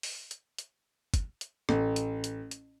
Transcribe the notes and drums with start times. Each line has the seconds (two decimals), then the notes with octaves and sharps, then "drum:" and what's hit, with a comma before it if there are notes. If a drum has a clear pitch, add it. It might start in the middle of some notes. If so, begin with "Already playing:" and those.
0.03 drum: open hi-hat
0.31 drum: hi-hat
0.58 drum: hi-hat
1.14 drum: kick, hi-hat
1.41 drum: hi-hat
1.69 A1, drum: rim click
1.96 drum: hi-hat
2.24 drum: hi-hat
2.51 drum: hi-hat